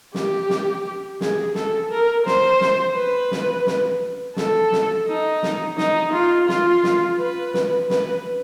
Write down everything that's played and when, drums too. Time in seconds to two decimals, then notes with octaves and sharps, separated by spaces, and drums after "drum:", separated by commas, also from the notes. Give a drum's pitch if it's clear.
0.14 G4, drum: snare
0.50 drum: snare
1.21 G#4, drum: snare
1.55 A4, drum: snare
1.91 A#4
2.26 C5, drum: snare
2.61 drum: snare
2.96 B4
3.31 drum: snare
3.67 drum: snare
4.36 A4, drum: snare
4.72 drum: snare
5.07 D#4
5.43 drum: snare
5.78 D#4, drum: snare
6.13 F4
6.49 F4, drum: snare
6.84 drum: snare
7.19 B4
7.54 drum: snare
7.90 B4, drum: snare